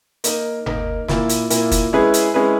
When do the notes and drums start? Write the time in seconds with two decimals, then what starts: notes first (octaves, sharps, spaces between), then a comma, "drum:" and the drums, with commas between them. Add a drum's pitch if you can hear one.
0.24 A#3 D#4 A#4, drum: hi-hat
0.66 A#3 D#4 A#4, drum: tom G1
1.08 A#2 A#3 E4, drum: snare
1.29 drum: hi-hat
1.50 A#2 A#3 E4, drum: hi-hat
1.71 drum: kick, hi-hat
1.93 G#3 C#4 E4 G#4 B4
2.14 drum: hi-hat
2.34 G#3 C#4 E4 G#4 B4